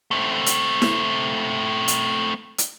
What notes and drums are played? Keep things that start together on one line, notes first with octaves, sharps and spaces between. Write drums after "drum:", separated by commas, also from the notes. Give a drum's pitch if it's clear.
A3 C4
drum: hi-hat
drum: snare E4
drum: hi-hat
drum: hi-hat